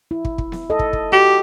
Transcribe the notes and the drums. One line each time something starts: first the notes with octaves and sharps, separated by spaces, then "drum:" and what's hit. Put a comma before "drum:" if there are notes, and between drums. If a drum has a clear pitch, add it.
E4
drum: kick
drum: kick
drum: snare B3
A4 D#5
drum: kick
drum: kick
F#4 G4